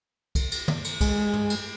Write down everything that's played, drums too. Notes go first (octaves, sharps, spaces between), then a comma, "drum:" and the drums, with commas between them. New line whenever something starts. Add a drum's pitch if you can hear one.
drum: kick, cymbal
drum: cymbal
drum: tom
drum: cymbal
G#3, drum: kick, cymbal
drum: tom
drum: cymbal